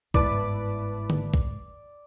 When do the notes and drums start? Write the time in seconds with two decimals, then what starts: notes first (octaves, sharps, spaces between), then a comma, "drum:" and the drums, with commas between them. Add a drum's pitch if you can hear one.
0.14 G1 G#2 E4 B4 D5 A5, drum: kick
1.10 drum: tom D3
1.34 drum: kick